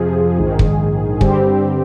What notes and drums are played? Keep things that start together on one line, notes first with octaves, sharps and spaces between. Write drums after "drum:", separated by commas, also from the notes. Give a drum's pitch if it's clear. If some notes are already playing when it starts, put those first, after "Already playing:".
Already playing: F2 C3 F3 G#4
A#1 G#2 D#3
drum: kick
G2 D3 G3 C4 G4, drum: kick